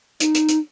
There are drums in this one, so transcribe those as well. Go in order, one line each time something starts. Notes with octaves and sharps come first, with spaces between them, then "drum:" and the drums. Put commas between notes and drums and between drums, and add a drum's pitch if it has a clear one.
D#4, drum: hi-hat
drum: hi-hat
drum: hi-hat